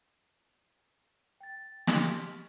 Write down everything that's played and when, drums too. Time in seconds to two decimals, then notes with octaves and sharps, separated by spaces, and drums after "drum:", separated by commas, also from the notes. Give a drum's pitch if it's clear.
1.41 G5 A6
1.87 G4 D#5 C6 C#6 F6 B6, drum: snare